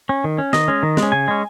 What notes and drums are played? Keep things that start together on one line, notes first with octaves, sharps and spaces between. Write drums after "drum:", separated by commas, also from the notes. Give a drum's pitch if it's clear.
C#4
D#3
C#4
D#3 D#5, drum: snare
G#3 C#4
D#3
G#3, drum: snare
C#4
C#3 G#5
G#3 C#4